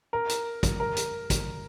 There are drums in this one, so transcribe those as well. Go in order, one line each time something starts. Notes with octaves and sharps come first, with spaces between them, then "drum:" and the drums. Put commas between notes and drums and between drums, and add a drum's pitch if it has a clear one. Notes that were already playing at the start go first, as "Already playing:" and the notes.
A#4
drum: hi-hat
drum: kick, hi-hat
A#4
drum: hi-hat
drum: kick, hi-hat